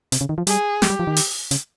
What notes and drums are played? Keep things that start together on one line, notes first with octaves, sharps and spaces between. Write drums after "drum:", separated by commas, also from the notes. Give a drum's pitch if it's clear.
C3, drum: hi-hat
C#3
D#3
F3
G3 G#4, drum: hi-hat
G#3 G4, drum: snare
G3
F3
D#3
drum: open hi-hat
C#3, drum: hi-hat